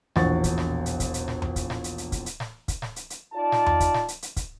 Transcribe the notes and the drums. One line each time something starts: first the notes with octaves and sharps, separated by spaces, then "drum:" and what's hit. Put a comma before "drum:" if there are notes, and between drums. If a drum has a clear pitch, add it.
E1 A#1 E2 F#5 C#6 A6, drum: snare
drum: kick, hi-hat
drum: snare
drum: hi-hat
drum: kick, hi-hat
drum: hi-hat
drum: snare
drum: tom E2
drum: kick, hi-hat
drum: snare
drum: hi-hat
drum: hi-hat
drum: kick, hi-hat
drum: hi-hat
drum: snare
drum: kick, hi-hat
drum: snare
drum: hi-hat
drum: hi-hat
D#4 F4 D5 A5
drum: snare
drum: tom E2
drum: kick, hi-hat
drum: snare
drum: hi-hat
drum: hi-hat
drum: kick, hi-hat